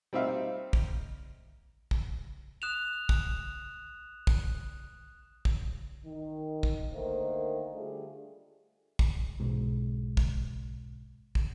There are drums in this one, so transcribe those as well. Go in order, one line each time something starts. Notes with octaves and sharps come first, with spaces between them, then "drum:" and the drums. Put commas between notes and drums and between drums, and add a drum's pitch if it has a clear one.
G3 C4 D#4 E5 F5
drum: kick
drum: kick
D#6 F#6 E7 F7
drum: kick
drum: kick
drum: kick
D#3
drum: kick
D3 D#3 A3 A#3 C5
D3 G3 A3 D4 F4 G#4
drum: kick
B1 G#2
drum: kick
drum: kick